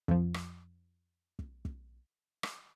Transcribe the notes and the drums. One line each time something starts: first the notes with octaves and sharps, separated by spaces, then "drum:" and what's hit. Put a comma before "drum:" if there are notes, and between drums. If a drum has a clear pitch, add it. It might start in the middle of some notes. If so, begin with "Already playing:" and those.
F2 F3, drum: kick
drum: rim click
drum: kick
drum: kick
drum: rim click